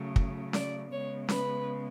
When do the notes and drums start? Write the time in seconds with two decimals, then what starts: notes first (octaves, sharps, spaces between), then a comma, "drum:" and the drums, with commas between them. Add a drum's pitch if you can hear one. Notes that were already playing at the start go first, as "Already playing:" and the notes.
Already playing: C#3 F#3 A3
0.16 drum: kick
0.53 D5, drum: snare C#4
0.90 C#3 G#3 B3 C#5
1.29 B4, drum: snare C#4